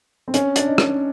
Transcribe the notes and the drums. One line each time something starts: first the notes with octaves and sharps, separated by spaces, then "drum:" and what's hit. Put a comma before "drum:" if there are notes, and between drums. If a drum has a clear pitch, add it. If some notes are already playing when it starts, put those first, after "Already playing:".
C4
C#4, drum: hi-hat
D4, drum: hi-hat
D#4
drum: rim click